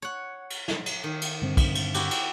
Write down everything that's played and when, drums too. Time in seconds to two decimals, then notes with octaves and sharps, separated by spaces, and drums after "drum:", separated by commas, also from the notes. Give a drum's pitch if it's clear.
0.02 C#5 F#5
0.50 drum: cymbal
0.68 drum: snare
0.86 drum: cymbal
1.04 D#3
1.22 drum: cymbal
1.42 G2 D3 C4
1.57 drum: kick, cymbal
1.75 drum: cymbal
1.94 E4 F#4 G4, drum: cymbal
2.11 drum: cymbal